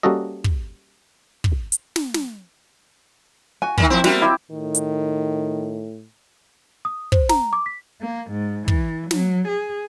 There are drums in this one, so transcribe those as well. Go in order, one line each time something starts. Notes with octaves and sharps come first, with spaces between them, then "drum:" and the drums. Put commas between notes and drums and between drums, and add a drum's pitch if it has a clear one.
G3 A#3 C#4 F#4 A4 D#5
drum: kick
drum: kick
drum: hi-hat
drum: snare
drum: snare
F#4 G#5
D#3 F#3 A#3, drum: kick
F3 C4 E4
G3 A#3 F#4, drum: snare
E4 G4 E5
A2 D#3
drum: hi-hat
D#6
C5, drum: kick
A#5, drum: snare
D6
B6
A#3
G#2
E3, drum: kick
F#3, drum: snare
G#4